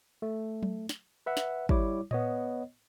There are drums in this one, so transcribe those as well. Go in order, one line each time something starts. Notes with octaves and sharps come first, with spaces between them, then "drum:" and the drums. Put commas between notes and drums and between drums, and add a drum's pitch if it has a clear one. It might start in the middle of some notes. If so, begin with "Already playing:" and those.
A3
drum: tom F#3
drum: snare
B4 E5 F#5
drum: snare
G3 E4 C#5 D6, drum: kick
B3 C#5 D#5, drum: tom A2